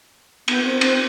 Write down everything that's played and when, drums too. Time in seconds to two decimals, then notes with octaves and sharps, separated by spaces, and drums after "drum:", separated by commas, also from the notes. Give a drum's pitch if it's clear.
0.48 B3, drum: cymbal
0.65 C4
0.81 C4, drum: cymbal